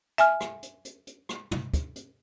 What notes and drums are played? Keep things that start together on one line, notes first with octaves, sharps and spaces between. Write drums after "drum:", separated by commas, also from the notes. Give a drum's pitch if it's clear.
E5 G#5 F6, drum: hi-hat
drum: rim click
drum: hi-hat
drum: hi-hat
drum: hi-hat
drum: rim click
drum: tom
drum: kick, hi-hat
drum: hi-hat